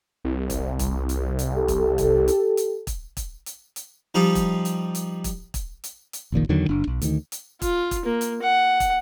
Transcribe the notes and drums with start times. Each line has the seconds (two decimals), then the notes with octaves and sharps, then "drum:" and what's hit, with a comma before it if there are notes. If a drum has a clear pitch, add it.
0.24 C2
0.50 drum: kick, hi-hat
0.79 drum: kick, hi-hat
1.09 drum: hi-hat
1.39 drum: hi-hat
1.53 G4 A4
1.68 drum: kick, hi-hat
1.98 drum: kick, hi-hat
2.28 drum: hi-hat
2.57 drum: hi-hat
2.87 drum: kick, hi-hat
3.17 drum: kick, hi-hat
3.46 drum: hi-hat
3.76 drum: hi-hat
4.15 F3 G3 D#4 F4 G4
4.35 drum: kick, hi-hat
4.65 drum: hi-hat
4.95 drum: hi-hat
5.24 drum: kick, hi-hat
5.54 drum: kick, hi-hat
5.84 drum: hi-hat
6.13 drum: hi-hat
6.32 F1 A#1 A#2 D#3
6.49 E2 D3 D#3 F#3
6.69 F#1 D4
6.87 B1
7.02 D2 D#3, drum: hi-hat
7.32 drum: hi-hat
7.62 F4, drum: kick, hi-hat
7.91 drum: kick, hi-hat
8.06 A#3
8.21 drum: hi-hat
8.42 F#5
8.80 drum: kick, hi-hat